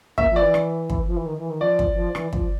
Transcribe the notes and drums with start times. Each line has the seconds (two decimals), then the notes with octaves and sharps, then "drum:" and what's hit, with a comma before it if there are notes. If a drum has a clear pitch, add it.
0.18 A#3 E5, drum: kick
0.30 F3
0.36 D5
0.42 E3
0.54 drum: rim click
0.90 drum: kick
1.07 F3
1.16 E3
1.25 D#3
1.38 E3
1.50 D#3
1.61 F3 D5
1.79 drum: kick
1.93 E3
1.97 F3
2.15 E3, drum: rim click
2.33 F3, drum: kick